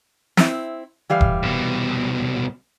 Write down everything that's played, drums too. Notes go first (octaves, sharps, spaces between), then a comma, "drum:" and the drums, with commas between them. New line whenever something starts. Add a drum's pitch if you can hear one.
C4 E4, drum: snare
E3 G3 F5
drum: kick E1
C2 B2